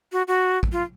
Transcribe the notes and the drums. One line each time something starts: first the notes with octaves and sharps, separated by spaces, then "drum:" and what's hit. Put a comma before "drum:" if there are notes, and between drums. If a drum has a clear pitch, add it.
F#4
F#4
drum: kick
F4